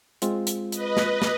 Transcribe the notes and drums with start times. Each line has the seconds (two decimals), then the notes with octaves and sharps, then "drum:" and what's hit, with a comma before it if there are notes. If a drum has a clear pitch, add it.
0.22 G#3 C4 F4, drum: hi-hat
0.47 drum: hi-hat
0.72 B4 D#5, drum: hi-hat
0.97 drum: snare
1.22 drum: snare